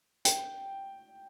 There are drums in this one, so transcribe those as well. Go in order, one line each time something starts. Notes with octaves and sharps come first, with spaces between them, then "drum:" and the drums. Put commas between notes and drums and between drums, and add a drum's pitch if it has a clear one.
G5, drum: hi-hat